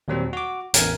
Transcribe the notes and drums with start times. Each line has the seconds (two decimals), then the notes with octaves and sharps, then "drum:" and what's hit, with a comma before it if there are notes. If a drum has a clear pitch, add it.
0.08 D#2 A#2 F#3 G3 C4
0.33 F#4 D6
0.74 A1 E2 A#4 G#5, drum: hi-hat